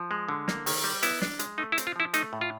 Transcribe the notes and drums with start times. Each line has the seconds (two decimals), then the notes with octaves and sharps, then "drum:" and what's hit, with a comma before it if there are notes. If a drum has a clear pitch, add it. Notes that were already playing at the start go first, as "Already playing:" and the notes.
Already playing: F3
0.11 G#3
0.29 D3
0.48 A#3, drum: snare
0.66 D#3, drum: open hi-hat
0.84 G3
1.03 B3 E4, drum: hi-hat
1.22 D4, drum: snare
1.39 G#3, drum: hi-hat
1.58 A3 D#4
1.72 E4
1.78 C4, drum: hi-hat
1.87 F4
1.96 F3 E4
2.14 A3 D#4, drum: hi-hat
2.33 A2
2.41 F4